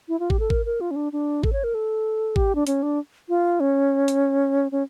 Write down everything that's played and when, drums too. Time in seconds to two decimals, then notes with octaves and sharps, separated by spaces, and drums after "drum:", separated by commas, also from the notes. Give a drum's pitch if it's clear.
0.08 E4
0.20 F4
0.30 G4, drum: kick
0.39 A4
0.50 A#4, drum: kick
0.66 A#4
0.81 F4
0.91 C#4
0.96 D4
1.13 D4
1.43 A4, drum: kick
1.53 C#5
1.64 A#4
1.74 A4
2.36 G4, drum: kick
2.55 D4
2.67 C#4, drum: hi-hat
2.83 D4
3.29 F4
3.60 C#4
4.08 drum: hi-hat
4.72 C#4